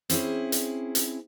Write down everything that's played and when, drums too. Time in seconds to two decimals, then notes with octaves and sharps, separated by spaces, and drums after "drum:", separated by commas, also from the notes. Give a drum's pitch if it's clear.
0.10 C4 C#4 E4 G#4, drum: hi-hat
0.52 drum: hi-hat
0.95 drum: hi-hat